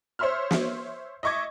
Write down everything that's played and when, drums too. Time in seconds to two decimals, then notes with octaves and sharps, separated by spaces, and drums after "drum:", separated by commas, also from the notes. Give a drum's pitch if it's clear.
0.19 C5 C#5 E5 C6 E6 F6
0.51 drum: snare
1.23 D#5 E5 C#6 D6 G#6